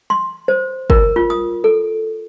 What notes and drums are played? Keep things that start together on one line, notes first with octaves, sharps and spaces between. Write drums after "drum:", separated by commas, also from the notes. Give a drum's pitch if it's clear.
C6
C5
A#4, drum: kick
F4
D#6
A4